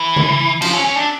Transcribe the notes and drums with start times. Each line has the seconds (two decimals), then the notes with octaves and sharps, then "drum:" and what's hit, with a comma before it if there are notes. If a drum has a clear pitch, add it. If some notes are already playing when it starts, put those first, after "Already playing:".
Already playing: E3
0.16 drum: tom C#3
0.62 F3, drum: cymbal
0.73 C#4
0.84 C#4
0.96 D4